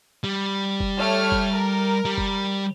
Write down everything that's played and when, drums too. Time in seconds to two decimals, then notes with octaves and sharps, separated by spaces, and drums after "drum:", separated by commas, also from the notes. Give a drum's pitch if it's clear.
0.24 G3
0.80 drum: kick F1
0.98 A3 C#5 F6
1.32 drum: kick F1
1.53 A#4
2.05 G3
2.18 drum: kick F1